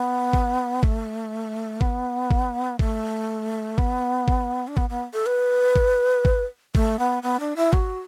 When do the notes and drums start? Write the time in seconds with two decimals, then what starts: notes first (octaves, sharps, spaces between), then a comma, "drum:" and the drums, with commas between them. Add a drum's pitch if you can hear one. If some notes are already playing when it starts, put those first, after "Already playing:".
Already playing: B3
0.33 drum: kick
0.83 A3, drum: kick
1.81 B3, drum: kick
2.31 drum: kick
2.79 A3, drum: kick
3.78 B3, drum: kick
4.28 drum: kick
4.68 D4
4.77 B3, drum: kick
4.90 B3
5.14 A4
5.26 B4
5.76 drum: kick
6.25 drum: kick
6.75 A3, drum: kick
6.99 B3
7.23 B3
7.40 D4
7.56 E4
7.73 F#4, drum: kick